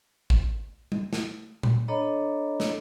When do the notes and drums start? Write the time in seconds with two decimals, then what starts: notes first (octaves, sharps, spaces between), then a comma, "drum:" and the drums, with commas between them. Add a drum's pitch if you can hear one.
0.30 drum: kick
0.92 drum: tom G3
1.13 drum: snare
1.63 drum: tom A#2
1.88 D4 A4 C#5 D#5 A#5 B5
2.60 drum: snare